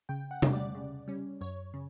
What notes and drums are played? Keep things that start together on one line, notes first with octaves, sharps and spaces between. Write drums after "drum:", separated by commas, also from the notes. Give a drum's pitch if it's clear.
C#3 G5
F#5
G3 C#4, drum: tom C3
D5
C#3
G3 C#4
F#2 C#5
C#3